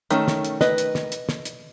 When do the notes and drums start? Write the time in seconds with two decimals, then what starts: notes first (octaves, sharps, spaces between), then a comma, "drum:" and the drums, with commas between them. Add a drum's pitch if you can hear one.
0.11 D#3 A3 C#4, drum: hi-hat
0.28 drum: snare
0.45 drum: hi-hat
0.61 B4 D#5, drum: snare
0.78 drum: hi-hat
0.95 drum: snare
1.12 drum: hi-hat
1.29 drum: snare
1.45 drum: hi-hat